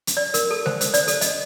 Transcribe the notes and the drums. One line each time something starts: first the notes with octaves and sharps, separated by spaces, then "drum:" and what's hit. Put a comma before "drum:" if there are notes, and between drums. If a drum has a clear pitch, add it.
drum: hi-hat
D5
A#4, drum: hi-hat
A4
C5, drum: snare G#3
C5, drum: hi-hat
D5, drum: hi-hat
A4, drum: hi-hat
D#5, drum: hi-hat